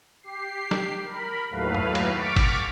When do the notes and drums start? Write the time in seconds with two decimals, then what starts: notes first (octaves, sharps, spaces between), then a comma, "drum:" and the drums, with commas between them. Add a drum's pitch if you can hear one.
0.23 G4 C7
0.71 drum: snare
1.05 A#4 B5
1.51 D#2 A2 F#3 A3 B4 F5
1.75 drum: tom F#2
1.95 drum: cymbal
2.16 C#6 D6 F6 A6 B6 D7
2.36 drum: kick G1, cymbal